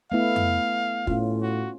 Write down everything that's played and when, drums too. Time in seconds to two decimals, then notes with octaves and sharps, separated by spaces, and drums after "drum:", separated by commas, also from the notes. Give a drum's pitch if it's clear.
0.12 A3 B3 E4 F5
0.36 drum: tom F2
1.07 A2 C#4 F4, drum: kick
1.42 F#4